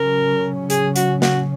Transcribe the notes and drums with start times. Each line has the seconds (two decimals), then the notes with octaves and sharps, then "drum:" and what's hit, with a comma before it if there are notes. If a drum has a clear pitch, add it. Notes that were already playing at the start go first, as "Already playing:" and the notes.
Already playing: C#3 F#3 C#4 A#4
0.70 G#4, drum: hi-hat
0.96 F#4, drum: hi-hat
1.22 F#4, drum: snare